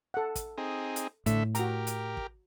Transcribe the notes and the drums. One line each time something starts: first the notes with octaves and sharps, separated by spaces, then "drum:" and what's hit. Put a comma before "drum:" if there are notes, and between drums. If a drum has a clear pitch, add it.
A4 F#5
drum: kick, hi-hat
C4 D#4 G#4
drum: hi-hat
A2 D3 A3 E5, drum: kick, hi-hat
F#4 G4 A#4 A#5, drum: hi-hat
drum: hi-hat
drum: kick